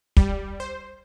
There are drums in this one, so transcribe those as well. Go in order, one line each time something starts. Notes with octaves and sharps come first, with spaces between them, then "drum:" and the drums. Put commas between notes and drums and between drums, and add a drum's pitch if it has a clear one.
G3, drum: kick
C5